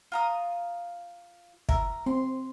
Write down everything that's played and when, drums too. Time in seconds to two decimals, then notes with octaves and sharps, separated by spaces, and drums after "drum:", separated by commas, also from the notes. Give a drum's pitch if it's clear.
0.12 F4 A#5 D#6
1.69 A#4 E5, drum: kick
2.06 C4 C6